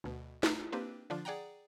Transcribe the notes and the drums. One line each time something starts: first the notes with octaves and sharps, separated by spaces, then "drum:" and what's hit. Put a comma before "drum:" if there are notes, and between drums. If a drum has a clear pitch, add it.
D2 B2
A3 F4 B4 A5 A#5, drum: snare
A#3 C4 D4 G4 B4
D3 F3 D4 F4
G#4 D5 F#5 G5 A#5